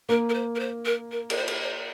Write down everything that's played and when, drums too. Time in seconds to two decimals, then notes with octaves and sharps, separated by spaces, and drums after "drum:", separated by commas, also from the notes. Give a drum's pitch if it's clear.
0.09 A#3 A#4
0.29 A#4
0.34 C5
0.55 A#4
0.59 C5
0.85 A#4
1.11 A#4
1.30 A#4, drum: cymbal
1.36 C5
1.48 drum: cymbal
1.62 C5